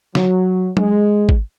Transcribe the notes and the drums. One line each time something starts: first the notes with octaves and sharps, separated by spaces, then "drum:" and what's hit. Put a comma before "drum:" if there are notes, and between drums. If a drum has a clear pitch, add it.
F#3, drum: snare
G#3, drum: tom F#3
drum: kick G#1